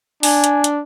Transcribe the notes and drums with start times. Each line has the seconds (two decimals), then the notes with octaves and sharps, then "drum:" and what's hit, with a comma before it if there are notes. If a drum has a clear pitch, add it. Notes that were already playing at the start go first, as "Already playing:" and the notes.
0.23 D4 G#5, drum: open hi-hat
0.44 drum: hi-hat
0.64 drum: hi-hat